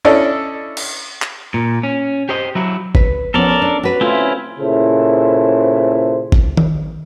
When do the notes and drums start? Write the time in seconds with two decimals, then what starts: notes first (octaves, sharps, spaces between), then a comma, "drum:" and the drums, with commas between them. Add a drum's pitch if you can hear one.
0.05 C#4 D4 E4 A4 D5 D#5
0.77 drum: cymbal
1.22 drum: clap
1.54 A#2
1.83 C#4
2.29 G4 C5 D#5
2.55 F#3 E4 F#4
2.95 B4, drum: kick G#1
3.34 F3 B3 C#4 A4 A#4 D5
3.62 D4
3.83 F#4 B4
4.01 A3 C4 C#4 E4 F4
4.60 A#2 C#3 E4 A4 C5
6.32 drum: kick G#1
6.57 drum: tom D#3